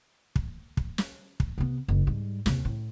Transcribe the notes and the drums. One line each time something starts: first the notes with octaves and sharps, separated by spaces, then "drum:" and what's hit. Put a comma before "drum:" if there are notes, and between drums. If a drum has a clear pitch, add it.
drum: kick
drum: kick
drum: snare
drum: kick
C3 B3
F#1
G#2 G3
D#2 C3, drum: snare
A2